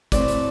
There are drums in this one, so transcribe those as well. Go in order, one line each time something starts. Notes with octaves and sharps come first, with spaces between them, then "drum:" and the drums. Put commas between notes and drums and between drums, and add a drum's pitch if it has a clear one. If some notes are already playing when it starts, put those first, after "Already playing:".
A2 E3 A3 C4 D5, drum: kick, hi-hat
drum: hi-hat